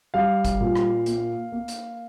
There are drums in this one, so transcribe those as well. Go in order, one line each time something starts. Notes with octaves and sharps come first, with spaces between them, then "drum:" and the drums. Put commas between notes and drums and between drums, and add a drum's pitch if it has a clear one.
G3 F5
drum: kick G1, hi-hat
A#2
drum: rim click
A#3, drum: hi-hat
A#3
drum: hi-hat